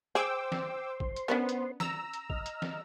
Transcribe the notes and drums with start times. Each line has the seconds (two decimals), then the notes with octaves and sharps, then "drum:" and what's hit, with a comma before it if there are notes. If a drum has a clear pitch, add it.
0.15 G#4 C5 G5 C6 D6 E6
0.52 drum: snare
1.00 drum: kick A#1
1.16 drum: hi-hat
1.28 B3 C#4 D4 A#4
1.49 drum: hi-hat
1.80 A#5 E6, drum: snare
2.13 drum: hi-hat
2.30 D#5 F6, drum: kick A#1
2.46 drum: hi-hat
2.62 drum: snare